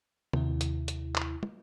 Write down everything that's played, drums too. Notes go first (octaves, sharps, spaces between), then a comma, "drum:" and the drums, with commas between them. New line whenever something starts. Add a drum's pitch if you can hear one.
D#2 C3 E4, drum: tom C3
drum: hi-hat
drum: hi-hat
drum: clap
drum: tom